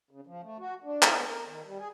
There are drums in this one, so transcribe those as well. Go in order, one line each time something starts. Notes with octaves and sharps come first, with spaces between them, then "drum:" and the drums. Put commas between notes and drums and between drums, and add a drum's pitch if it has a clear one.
C#3
F3
A3
F#4
D4
E4, drum: clap
B3
A#4
D#3
G3
G#4